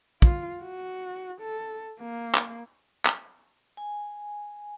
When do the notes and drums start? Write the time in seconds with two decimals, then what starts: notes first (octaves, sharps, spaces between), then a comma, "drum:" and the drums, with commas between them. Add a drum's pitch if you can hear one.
0.22 F4, drum: kick
0.63 F#4
1.41 A4
2.00 A#3
2.35 drum: clap
3.05 drum: clap
3.77 G#5